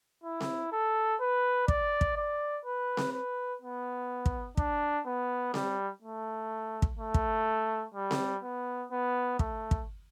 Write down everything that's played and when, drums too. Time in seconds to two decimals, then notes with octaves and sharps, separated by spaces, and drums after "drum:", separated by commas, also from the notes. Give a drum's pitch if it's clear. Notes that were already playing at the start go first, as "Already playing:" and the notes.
0.24 E4
0.40 drum: snare C4
0.72 A4
1.20 B4
1.68 D5, drum: kick
2.01 drum: kick
2.17 D5
2.65 B4
2.97 drum: snare C4
3.13 B4
3.62 B3
4.26 drum: kick
4.57 D4, drum: kick
5.06 B3
5.54 G3, drum: snare C4
6.03 A3
6.82 drum: kick
6.99 A3
7.14 drum: kick
7.94 G3
8.11 drum: snare C4
8.43 B3
8.91 B3
9.39 A3, drum: kick
9.71 drum: kick